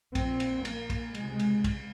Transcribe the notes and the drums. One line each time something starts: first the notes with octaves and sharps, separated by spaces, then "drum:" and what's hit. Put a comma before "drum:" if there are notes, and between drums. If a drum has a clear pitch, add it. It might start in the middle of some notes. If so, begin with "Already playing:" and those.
A#1 A#2 C4, drum: kick, cymbal
drum: cymbal
A#3, drum: cymbal
drum: kick, cymbal
C#2 C3 G#3, drum: cymbal
drum: cymbal
drum: kick, cymbal